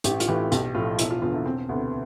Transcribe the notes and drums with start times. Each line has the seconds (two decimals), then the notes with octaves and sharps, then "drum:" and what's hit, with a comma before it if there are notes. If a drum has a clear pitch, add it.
0.04 A1 G4, drum: hi-hat
0.20 F4, drum: hi-hat
0.28 A2 E3 G4
0.52 B1 G4, drum: hi-hat
0.75 A2 F3 F4
0.99 E1 E4, drum: hi-hat
1.11 F4
1.22 E2 D3 F4
1.34 E4
1.46 E1 C4
1.69 D2 C3 B3